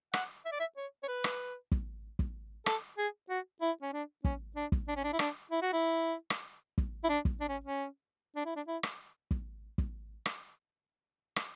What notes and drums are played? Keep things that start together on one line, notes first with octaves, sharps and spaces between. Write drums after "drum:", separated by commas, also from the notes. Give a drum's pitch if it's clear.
F#5, drum: rim click
E5
D5
E5
C#5
C#5
B4
drum: rim click
drum: kick
drum: kick
A4, drum: rim click
G#4
F#4
E4
C#4
D4
C#4, drum: kick
D4
drum: kick
D4
C#4
D4
E4
D4, drum: rim click
E4
F#4
E4
drum: rim click
drum: kick
E4
D4
drum: kick
D4
C#4
C#4
D4
E4
D4
E4
drum: rim click
drum: kick
drum: kick
drum: rim click
drum: rim click